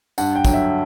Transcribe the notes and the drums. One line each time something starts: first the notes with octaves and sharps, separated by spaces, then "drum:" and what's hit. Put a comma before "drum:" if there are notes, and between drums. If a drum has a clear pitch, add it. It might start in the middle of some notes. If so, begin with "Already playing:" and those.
G2 F#5, drum: tambourine
G5
D3 F#3, drum: kick, tambourine
E5